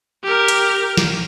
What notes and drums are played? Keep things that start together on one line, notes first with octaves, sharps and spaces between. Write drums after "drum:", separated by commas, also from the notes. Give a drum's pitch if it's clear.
G4 A#4
drum: hi-hat
drum: snare